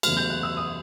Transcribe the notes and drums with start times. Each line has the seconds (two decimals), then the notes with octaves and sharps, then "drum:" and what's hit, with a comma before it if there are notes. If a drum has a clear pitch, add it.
0.03 E2 C#3 F#3 A3 F6, drum: cymbal
0.17 G6
0.30 F#6
0.43 E6
0.57 D#6